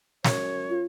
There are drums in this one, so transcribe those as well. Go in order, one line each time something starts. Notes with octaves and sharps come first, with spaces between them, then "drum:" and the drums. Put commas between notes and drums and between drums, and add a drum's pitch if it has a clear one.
F#2 C#5, drum: snare
F4